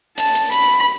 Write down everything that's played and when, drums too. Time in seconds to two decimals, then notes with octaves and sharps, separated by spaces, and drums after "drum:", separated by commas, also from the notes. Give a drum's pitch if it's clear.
0.18 A5, drum: hi-hat
0.35 drum: hi-hat
0.52 B5, drum: hi-hat